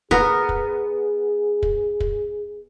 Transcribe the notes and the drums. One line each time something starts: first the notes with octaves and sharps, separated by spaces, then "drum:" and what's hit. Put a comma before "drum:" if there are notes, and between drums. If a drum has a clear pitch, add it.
B3 G#4 A#4, drum: kick
drum: kick
drum: kick
drum: kick